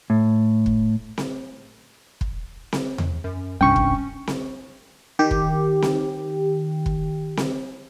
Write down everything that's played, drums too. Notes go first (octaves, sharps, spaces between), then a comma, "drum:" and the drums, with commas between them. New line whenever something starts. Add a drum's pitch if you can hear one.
A2
drum: kick
drum: snare C4
drum: kick
drum: snare C4
drum: tom E2
F#2
C2 G2 C#4 G5 C#6
drum: kick
drum: snare C4
D#3 G4
drum: kick
drum: snare C4
drum: kick
drum: snare C4